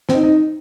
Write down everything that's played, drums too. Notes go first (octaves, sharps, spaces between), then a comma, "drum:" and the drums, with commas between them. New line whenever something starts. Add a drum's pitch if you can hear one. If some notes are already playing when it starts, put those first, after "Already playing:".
C4, drum: snare
D#4
D#4